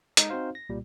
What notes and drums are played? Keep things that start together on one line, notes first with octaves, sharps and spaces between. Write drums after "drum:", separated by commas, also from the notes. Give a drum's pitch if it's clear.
G#3 D#4, drum: hi-hat
C4 D#4 F#4 C5 F5
A#6
C2 A#2 G3